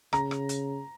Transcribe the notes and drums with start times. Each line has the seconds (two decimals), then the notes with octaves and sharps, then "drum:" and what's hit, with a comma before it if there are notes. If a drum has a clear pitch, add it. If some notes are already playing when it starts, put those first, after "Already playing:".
0.13 C#3 A#5, drum: rim click
0.31 drum: rim click
0.49 drum: hi-hat